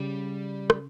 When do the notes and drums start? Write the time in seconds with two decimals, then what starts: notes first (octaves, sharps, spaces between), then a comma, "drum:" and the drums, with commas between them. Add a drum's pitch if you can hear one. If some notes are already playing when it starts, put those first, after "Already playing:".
Already playing: C#3 G3
0.70 drum: rim click